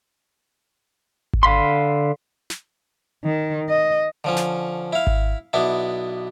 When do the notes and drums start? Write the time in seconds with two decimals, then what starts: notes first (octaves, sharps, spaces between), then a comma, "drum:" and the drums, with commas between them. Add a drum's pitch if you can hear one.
1.33 drum: kick G#1
1.43 D3 F5 B5 C6
2.50 drum: snare
3.24 D#3
3.69 D#5
4.24 D3 F3 C#4
4.37 drum: snare
4.93 E4 F5
5.07 drum: kick G#1
5.53 B1 B3 D4 E4